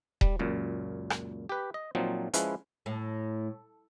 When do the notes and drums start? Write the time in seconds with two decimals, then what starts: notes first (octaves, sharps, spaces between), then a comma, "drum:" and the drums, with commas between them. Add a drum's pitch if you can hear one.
0.21 G3, drum: kick D#1
0.39 C#2 F#2 A#2
1.10 drum: rim click
1.49 G4 B4
1.74 D#5
1.95 A#2 F3 F#3 C4 D#4
2.34 F3 G#3 C#4 E4 B4, drum: hi-hat
2.86 A2